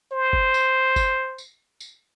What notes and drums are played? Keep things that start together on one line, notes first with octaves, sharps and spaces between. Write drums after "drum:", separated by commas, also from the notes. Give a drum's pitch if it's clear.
C5
drum: kick G1
drum: tambourine
drum: kick G1, tambourine
drum: tambourine
drum: tambourine